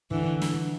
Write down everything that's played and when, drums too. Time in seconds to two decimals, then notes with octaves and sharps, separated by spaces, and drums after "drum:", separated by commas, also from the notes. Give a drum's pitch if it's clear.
0.11 D3 E3, drum: kick
0.42 drum: snare